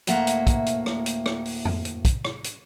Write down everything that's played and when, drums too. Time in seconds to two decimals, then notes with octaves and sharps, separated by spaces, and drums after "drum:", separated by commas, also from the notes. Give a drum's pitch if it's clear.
0.07 D2 A2 A#3 E5 F#5 A#5, drum: hi-hat
0.27 drum: hi-hat
0.47 drum: kick, hi-hat
0.66 drum: hi-hat
0.86 drum: rim click
1.06 drum: hi-hat
1.26 drum: rim click
1.46 drum: open hi-hat
1.65 drum: tom F2
1.85 drum: hi-hat
2.05 drum: kick, hi-hat
2.25 drum: rim click
2.44 drum: hi-hat